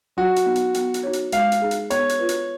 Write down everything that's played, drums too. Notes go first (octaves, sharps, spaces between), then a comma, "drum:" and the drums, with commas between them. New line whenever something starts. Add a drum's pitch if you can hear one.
F#3 F#4
drum: hi-hat
B3 D#4
drum: hi-hat
B3, drum: hi-hat
drum: hi-hat
D#4 F#4 C#5
drum: hi-hat
G#3 F5, drum: hi-hat
drum: hi-hat
D#4 G#4
drum: hi-hat
B3 C#5, drum: hi-hat
drum: hi-hat
F4 B4
drum: hi-hat